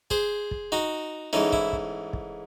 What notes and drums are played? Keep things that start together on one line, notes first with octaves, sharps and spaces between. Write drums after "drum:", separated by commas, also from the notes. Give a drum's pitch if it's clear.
G#4 C5, drum: kick
drum: kick
D#4 F#4
G#2 E3 A3 C#4 D#4
E4, drum: kick
drum: kick
drum: kick